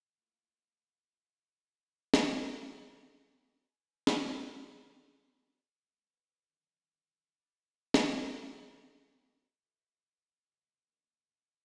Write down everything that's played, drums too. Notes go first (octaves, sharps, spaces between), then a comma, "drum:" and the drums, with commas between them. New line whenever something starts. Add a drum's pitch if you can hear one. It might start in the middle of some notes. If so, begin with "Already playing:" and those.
A3 A#3 E4 F4
drum: snare
C4 D#4 B4 G#5
drum: snare
F3 G#3 A#3 C4 C#4 G#4
B4 C5 B5
D3 D#3 F#3 C#4 D#4
A#5 B5 D6 A6
drum: snare
A2 G#3
E3 C#4 E4 F#4 A4 B4
B3
G#2 C3 F3 G#3
D#3 A3 A#3 D4 G4
A2